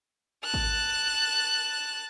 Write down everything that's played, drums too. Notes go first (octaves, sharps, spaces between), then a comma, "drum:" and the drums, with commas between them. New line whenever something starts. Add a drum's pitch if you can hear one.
A5 F#6
drum: kick G#1